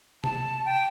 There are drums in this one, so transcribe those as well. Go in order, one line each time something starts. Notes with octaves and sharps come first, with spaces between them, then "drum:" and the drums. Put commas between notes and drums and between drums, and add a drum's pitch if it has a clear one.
A5, drum: tom C3
G5